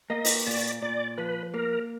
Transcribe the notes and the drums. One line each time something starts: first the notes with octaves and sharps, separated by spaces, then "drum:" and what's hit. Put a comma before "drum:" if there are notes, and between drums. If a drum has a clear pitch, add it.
A#3 D#5
drum: open hi-hat
A#2 D5
A#2 D5
F3 B4
A#3 A#4